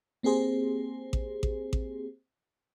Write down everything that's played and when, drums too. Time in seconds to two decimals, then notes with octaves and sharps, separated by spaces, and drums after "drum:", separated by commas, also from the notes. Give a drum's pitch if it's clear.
0.23 A#3 C4 G4 G#4 C5
1.13 drum: kick A1
1.43 drum: kick A1
1.73 drum: kick A1